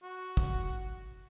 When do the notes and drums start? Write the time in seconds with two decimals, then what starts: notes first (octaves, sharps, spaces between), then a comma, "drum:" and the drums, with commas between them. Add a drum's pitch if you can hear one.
0.03 F#4
0.37 drum: kick